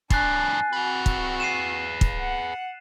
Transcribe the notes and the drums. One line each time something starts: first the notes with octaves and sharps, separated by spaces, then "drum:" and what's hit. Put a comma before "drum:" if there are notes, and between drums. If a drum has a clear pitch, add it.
F2 A2 D4 G#5 F#6 A6 C7, drum: kick
C4 F#4 G#4 B4
drum: kick
F5 C7 D#7 E7
drum: kick
F#5